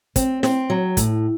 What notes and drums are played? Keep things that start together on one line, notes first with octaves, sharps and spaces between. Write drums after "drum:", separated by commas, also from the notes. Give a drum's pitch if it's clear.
C4, drum: kick, hi-hat
C4, drum: snare
F#3
A2, drum: kick, hi-hat